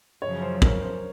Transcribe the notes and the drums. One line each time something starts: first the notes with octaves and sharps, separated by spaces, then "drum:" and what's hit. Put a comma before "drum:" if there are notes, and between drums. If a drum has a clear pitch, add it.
F#2 C#3 F3 C#5
C5
A#4, drum: kick
C5